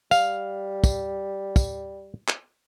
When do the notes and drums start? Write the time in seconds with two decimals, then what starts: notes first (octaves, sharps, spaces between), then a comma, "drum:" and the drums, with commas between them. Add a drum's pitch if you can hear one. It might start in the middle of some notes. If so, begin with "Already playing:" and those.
0.11 G3 F5, drum: tambourine
0.84 drum: kick, tambourine
1.56 drum: kick, tambourine
2.28 drum: clap